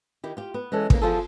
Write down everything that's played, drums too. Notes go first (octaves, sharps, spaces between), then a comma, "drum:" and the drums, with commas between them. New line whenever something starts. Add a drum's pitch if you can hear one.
D#3 E4 G4
F4 G4
B3
E3 G#3 C#4 A4
E2 C#3 A#3, drum: kick
E2 C3 F3 F4 G#4 A4